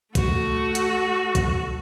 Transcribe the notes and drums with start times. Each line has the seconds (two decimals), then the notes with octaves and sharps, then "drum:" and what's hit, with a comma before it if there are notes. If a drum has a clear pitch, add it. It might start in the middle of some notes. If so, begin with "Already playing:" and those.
0.15 A3 F#4, drum: kick, hi-hat
0.75 drum: hi-hat
1.35 drum: kick, hi-hat